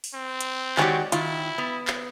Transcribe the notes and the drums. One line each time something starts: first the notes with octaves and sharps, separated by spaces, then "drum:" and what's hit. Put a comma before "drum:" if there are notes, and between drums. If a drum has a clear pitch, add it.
drum: open hi-hat
C4
drum: hi-hat
D#3 G#3 F#4 G4 C#5 D5, drum: clap
D#3 E4 F4, drum: hi-hat
B3
drum: clap